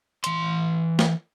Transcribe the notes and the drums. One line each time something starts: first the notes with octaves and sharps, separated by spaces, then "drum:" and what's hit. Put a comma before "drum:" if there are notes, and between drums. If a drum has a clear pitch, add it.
E3 C6, drum: hi-hat
drum: snare